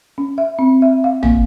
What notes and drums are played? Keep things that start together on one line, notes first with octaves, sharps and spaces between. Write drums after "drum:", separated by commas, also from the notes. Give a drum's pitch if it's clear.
C#4
E5
C4
E5
F5
A#3, drum: tom